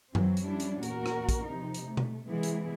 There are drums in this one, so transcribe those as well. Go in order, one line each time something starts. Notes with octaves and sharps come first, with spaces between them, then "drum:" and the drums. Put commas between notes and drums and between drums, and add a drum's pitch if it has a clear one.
E3 F#3 C4, drum: tom F#2
drum: hi-hat
F3 G3 C#4 D4 E4
drum: hi-hat
E2 A#2 F#4 A#4, drum: hi-hat
drum: rim click
drum: kick, hi-hat
C3 F3 D#4
drum: hi-hat
A3
drum: tom B2
C3 E3 G#3 B3 E4 G#4
drum: hi-hat